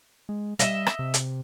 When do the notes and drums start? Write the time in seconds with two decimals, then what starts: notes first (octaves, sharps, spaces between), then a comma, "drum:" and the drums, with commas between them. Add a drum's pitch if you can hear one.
0.29 G#3
0.59 G3 D#5 E5, drum: hi-hat
0.86 drum: rim click
0.99 C3
1.14 drum: hi-hat